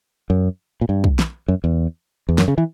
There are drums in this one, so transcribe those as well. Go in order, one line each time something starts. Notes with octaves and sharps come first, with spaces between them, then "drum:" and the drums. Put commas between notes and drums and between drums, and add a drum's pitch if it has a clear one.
F#2
A#2
G2
drum: kick
drum: snare
F#2
E2
E2
F#2, drum: snare
C#3
E3